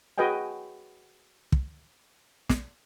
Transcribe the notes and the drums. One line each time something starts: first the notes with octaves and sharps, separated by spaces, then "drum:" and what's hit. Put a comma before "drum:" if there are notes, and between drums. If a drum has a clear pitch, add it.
F#4 G#4 B4 D#5 G5 G#5
drum: kick
drum: snare